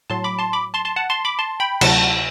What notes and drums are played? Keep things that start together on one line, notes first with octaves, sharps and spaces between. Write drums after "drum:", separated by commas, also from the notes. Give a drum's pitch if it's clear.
A2 F#3 A5 C6
B5 D6
A5 C6
B5 D6
A5 C6
A5 C6
F#5 A5
A5 C6
B5 D6
A5 C6
G5 B5
D2 C3 F#3 F#5 A5, drum: cymbal